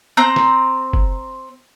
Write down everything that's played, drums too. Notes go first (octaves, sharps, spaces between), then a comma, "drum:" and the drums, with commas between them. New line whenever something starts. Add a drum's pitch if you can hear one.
C4 A#5 G6
drum: snare
drum: kick F#1